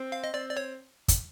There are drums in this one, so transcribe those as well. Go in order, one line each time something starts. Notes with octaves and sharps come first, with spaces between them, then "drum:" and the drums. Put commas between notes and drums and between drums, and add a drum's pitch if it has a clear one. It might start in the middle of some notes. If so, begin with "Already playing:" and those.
Already playing: C4
F5
D#5
C4 D5
D5
C#5
drum: kick, hi-hat